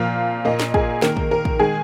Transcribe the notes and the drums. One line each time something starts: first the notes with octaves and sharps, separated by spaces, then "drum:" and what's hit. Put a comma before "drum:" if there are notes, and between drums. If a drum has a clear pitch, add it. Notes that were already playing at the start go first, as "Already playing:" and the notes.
Already playing: A#2 F3 A#3 F5
A#2 A#3 D#5
drum: snare
G#4, drum: kick
D#3 A#3 A#4, drum: snare
drum: kick
A#4
drum: kick
D#3 G#3 G#4